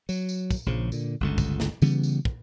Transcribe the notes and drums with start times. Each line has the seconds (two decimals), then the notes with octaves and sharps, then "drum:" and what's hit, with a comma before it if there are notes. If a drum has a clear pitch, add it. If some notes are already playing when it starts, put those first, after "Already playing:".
0.09 F#3, drum: tambourine
0.29 drum: tambourine
0.51 drum: kick, tambourine
0.66 A#1 C#3 F3
0.92 A#2 D3, drum: tambourine
1.20 G1 C#2 D3
1.38 drum: kick, tambourine
1.60 drum: snare
1.82 C#3 E3 G3 B3, drum: tambourine
2.03 drum: tambourine
2.25 drum: kick